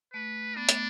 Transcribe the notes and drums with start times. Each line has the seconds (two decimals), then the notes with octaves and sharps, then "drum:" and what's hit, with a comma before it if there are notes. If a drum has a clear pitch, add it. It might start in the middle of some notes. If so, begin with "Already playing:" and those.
0.13 A3 B4
0.56 B3 D4
0.69 A3, drum: hi-hat